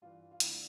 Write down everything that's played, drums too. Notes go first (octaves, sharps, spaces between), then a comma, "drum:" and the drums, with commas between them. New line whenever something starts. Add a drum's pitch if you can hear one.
G2 E3 F4
F4
D2 D3 F3 E4, drum: hi-hat